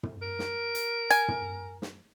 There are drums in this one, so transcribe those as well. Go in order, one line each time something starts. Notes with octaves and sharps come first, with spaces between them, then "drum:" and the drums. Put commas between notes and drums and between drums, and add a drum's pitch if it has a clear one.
drum: tom
A#4
drum: snare
drum: hi-hat
G#5, drum: hi-hat
drum: tom
drum: snare